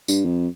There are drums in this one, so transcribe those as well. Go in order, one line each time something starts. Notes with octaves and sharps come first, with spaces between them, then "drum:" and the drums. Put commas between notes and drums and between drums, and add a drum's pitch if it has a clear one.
G2, drum: tambourine
F2